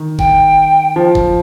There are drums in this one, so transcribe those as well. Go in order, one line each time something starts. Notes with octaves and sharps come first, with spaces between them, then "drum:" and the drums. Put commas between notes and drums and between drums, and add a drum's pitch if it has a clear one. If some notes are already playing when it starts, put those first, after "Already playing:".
Already playing: D#3
G5, drum: kick F#1
F3
drum: kick F#1